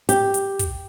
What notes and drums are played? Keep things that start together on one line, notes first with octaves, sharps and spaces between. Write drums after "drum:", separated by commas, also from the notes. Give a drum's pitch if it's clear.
G4, drum: hi-hat
drum: hi-hat
drum: kick, hi-hat